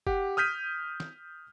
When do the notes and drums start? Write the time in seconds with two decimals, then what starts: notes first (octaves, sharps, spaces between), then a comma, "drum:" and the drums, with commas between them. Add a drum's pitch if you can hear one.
0.07 G4 F#5, drum: kick F#1
0.37 D#6 F6 G6 B6 D#7
1.00 drum: snare